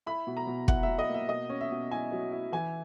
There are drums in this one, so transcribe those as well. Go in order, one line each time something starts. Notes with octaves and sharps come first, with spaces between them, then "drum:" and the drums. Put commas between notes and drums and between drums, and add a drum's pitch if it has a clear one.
E4 B5
B2
A#5
B2
E4 F#5, drum: kick
B2 E5
D#5
A#3
E5
B2 D#5
C#4
E5
B2
E4 G#5
F#3
E4
E3 G#5